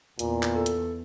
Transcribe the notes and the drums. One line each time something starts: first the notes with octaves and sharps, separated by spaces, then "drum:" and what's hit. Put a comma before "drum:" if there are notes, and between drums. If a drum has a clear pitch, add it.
E2 A#2, drum: hi-hat
drum: clap
A4
drum: hi-hat